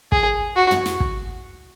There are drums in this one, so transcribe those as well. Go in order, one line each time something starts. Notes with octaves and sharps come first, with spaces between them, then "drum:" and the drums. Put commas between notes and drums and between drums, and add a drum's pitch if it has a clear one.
G#4, drum: kick
F#4
drum: tom
drum: snare
drum: kick